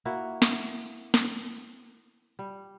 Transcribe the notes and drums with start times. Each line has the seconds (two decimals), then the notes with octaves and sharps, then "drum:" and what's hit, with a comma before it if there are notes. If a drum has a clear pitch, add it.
0.05 A#3 E4 F#4
0.42 drum: snare
1.14 drum: snare
2.39 G3